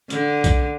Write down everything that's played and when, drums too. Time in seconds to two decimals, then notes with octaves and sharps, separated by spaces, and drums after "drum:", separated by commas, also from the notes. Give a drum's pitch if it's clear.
0.10 D3, drum: hi-hat
0.44 drum: kick B1, hi-hat